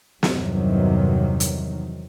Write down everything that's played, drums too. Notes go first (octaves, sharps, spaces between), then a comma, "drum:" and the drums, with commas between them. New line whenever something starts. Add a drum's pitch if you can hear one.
E2 G2 C3 D#3 F#3, drum: snare
drum: hi-hat